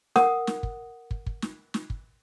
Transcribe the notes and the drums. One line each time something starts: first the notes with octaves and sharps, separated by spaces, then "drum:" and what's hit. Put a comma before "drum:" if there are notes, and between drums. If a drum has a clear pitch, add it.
A#4 F#5 D#6, drum: snare
drum: snare
drum: kick
drum: kick
drum: kick
drum: snare
drum: snare
drum: kick